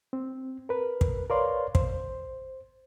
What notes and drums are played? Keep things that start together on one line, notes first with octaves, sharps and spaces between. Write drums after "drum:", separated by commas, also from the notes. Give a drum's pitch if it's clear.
C4
A#4 B4
drum: kick
A#4 B4 C#5 D5 F5 C6
C5, drum: kick